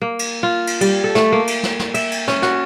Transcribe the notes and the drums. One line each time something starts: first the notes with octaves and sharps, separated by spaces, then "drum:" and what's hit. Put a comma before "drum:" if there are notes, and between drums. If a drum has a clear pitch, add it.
A#3
drum: cymbal
F4
drum: cymbal
G3, drum: cymbal
A4
A3, drum: snare
A#3
drum: cymbal
drum: snare
drum: snare
E5, drum: cymbal
drum: cymbal
C#4, drum: snare
F#4, drum: snare